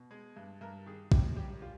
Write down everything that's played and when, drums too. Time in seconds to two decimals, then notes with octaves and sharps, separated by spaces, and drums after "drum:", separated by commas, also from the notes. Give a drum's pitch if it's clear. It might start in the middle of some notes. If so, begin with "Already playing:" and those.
Already playing: B2
0.11 G#3
0.37 G2
0.61 G2 A#4
0.86 D#3 G#4
1.12 F#2 G4, drum: kick
1.36 G3 G4
1.62 G3 F4